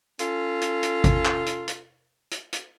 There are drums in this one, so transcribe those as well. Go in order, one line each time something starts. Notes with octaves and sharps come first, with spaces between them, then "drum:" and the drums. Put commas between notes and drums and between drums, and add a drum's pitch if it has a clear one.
C#4 F4 A4, drum: hi-hat
drum: hi-hat
drum: hi-hat
drum: kick, hi-hat
drum: clap
drum: hi-hat
drum: hi-hat
drum: hi-hat
drum: hi-hat